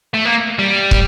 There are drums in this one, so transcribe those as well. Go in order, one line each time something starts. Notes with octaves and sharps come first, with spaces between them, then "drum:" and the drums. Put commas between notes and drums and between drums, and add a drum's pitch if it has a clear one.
A3
A#3
G3
drum: kick